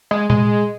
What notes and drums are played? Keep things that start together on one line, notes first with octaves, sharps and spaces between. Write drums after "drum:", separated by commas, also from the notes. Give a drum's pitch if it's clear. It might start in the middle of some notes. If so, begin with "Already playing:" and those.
G#3
G#3, drum: tom A#2